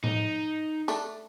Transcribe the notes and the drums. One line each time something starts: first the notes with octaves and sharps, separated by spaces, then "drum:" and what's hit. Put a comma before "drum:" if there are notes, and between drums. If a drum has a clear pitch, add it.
D#4, drum: tom A2
A3 D4, drum: tambourine